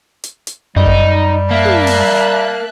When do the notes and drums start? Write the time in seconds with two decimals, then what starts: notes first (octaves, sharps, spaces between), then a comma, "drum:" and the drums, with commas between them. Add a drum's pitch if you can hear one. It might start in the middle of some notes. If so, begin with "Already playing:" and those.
0.24 drum: hi-hat
0.47 drum: hi-hat
0.76 F#2 G3 D#4
0.86 drum: kick
1.51 A#3 E5 A5 F#6
1.65 drum: tom
1.87 drum: open hi-hat